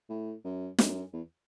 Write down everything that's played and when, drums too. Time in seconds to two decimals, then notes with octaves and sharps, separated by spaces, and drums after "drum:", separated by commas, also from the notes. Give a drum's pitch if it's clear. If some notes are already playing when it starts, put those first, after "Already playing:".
0.09 A2
0.44 F#2
0.78 F#2, drum: snare
1.13 E2